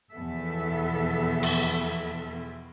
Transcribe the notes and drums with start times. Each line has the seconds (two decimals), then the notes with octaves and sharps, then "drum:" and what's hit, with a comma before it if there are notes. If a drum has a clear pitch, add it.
0.13 E2 B2 F3 B3 A4 E5
1.43 drum: cymbal